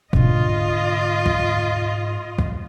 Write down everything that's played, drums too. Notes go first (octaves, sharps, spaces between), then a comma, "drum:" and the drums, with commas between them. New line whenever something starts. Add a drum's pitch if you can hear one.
G#2 B2 D3 F4 D#5, drum: kick
drum: kick
drum: kick